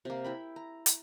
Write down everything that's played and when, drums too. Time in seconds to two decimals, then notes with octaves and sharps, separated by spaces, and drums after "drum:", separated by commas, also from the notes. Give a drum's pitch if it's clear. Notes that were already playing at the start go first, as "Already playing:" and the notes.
0.05 C3 A#3
0.24 E4 G5 B5
0.56 A#5
0.86 drum: hi-hat